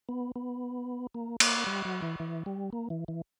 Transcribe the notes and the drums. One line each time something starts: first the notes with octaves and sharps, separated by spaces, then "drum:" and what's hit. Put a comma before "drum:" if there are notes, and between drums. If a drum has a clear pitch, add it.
B3
B3
A#3
A#3, drum: cymbal
G3
F#3
E3
E3
G3
A#3
E3
E3